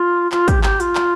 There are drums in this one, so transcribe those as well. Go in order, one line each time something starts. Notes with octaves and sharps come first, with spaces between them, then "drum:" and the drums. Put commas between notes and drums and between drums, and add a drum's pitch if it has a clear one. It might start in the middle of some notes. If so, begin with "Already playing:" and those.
Already playing: F4
F4, drum: clap
G4, drum: kick, hi-hat
G4, drum: clap
F4, drum: hi-hat
drum: clap